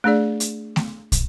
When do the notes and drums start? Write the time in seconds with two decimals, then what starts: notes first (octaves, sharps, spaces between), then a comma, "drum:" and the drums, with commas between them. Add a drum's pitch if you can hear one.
0.04 A3 D4 G#4 D5
0.40 drum: hi-hat
0.76 drum: snare A3
1.12 drum: kick, hi-hat